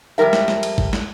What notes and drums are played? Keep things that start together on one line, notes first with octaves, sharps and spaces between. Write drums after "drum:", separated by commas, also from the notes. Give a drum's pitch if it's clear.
F2 E3 G3 A#4 E5
drum: snare
drum: snare
drum: cymbal
drum: kick G#1
drum: snare